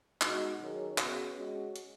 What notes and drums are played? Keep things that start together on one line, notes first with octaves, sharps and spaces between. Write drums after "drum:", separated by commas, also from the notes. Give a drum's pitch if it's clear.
B2 G#3 D#4 F#4, drum: clap
D#3 F#3 C#4 G#4
C#3 B3 F#4, drum: clap
G#3 C#4 F#4
drum: hi-hat